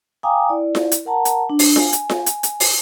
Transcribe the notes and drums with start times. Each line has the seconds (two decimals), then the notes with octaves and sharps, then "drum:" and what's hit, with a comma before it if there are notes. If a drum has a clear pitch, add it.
0.23 F5 G5 G#5 A#5 D6 D#6
0.49 E4 D5
0.75 drum: snare F4
0.92 drum: hi-hat
1.05 A#4 F#5 A5 A#5
1.25 drum: hi-hat
1.50 D4
1.59 drum: open hi-hat
1.76 G#5, drum: snare F4
1.93 drum: hi-hat
2.09 drum: snare F4
2.26 drum: hi-hat
2.43 drum: hi-hat
2.60 drum: open hi-hat